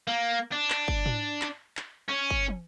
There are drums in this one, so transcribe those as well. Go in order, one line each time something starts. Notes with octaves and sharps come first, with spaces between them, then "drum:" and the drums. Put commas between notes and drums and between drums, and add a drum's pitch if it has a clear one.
A#3
D4
drum: clap
drum: kick
drum: tom
drum: clap
drum: clap
C#4
drum: kick
drum: tom